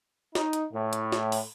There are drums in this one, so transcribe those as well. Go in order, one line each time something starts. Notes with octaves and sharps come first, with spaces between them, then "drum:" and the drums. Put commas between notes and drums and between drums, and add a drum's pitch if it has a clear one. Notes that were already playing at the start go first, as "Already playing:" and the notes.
D#4, drum: snare
drum: hi-hat
A2
drum: hi-hat
drum: snare
drum: open hi-hat